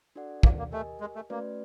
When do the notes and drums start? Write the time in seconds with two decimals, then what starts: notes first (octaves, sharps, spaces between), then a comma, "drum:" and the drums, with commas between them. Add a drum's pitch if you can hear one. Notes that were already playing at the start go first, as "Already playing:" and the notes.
0.16 D4 F#4 A4 D5 F#5
0.43 A#3, drum: kick
0.59 A#3
0.72 A3 G4 A#4 D#5 G#5
1.01 G#3
1.16 A3
1.30 A3 A#3 C#4 F#4 B4 D5